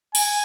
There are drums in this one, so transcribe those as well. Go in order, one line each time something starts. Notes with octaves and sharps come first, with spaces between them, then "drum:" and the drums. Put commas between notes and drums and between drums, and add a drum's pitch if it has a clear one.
G#5, drum: open hi-hat